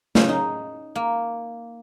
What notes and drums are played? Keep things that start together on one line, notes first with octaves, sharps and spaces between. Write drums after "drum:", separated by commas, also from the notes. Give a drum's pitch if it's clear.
C#3, drum: snare
D#4
A#3